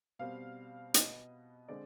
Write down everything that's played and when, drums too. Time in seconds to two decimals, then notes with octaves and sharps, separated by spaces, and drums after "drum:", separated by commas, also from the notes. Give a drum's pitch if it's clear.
0.19 B2 G3 C4 F5
0.94 B2 B3 D#5, drum: hi-hat
1.68 D3 G#3 C4 D5